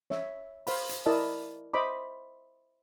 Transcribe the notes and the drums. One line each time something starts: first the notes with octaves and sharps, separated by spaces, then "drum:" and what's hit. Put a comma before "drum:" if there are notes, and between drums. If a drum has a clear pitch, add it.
C#5 E5, drum: snare
C5 F5 B5, drum: open hi-hat
drum: hi-hat
E4 A#4 D5 D#5 A5
C5 D#5 E5 B5 D6